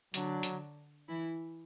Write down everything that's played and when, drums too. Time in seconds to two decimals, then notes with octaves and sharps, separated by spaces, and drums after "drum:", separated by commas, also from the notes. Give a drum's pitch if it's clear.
0.14 D3 F#3 D4, drum: hi-hat
0.43 drum: hi-hat
1.08 E3 E4